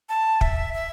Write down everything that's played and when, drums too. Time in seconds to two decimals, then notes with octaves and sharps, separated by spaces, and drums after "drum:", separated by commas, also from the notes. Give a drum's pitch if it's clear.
0.09 A5
0.41 E5, drum: kick
0.74 E5